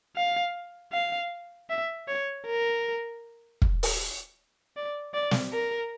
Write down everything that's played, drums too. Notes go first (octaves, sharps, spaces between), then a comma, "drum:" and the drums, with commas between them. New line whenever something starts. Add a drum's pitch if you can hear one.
F5
F5
E5
C#5
A#4
drum: kick
drum: open hi-hat
D5
D5
drum: snare
A#4